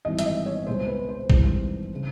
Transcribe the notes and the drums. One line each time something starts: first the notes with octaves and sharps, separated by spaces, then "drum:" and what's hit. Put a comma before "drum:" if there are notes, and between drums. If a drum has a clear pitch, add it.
G#1 G2 E3 D#5
E5, drum: hi-hat
D#5
C#5
C#2 B2 G#3 C5
B4
C5
G#1 G2 E3 G#3, drum: kick A1
C#3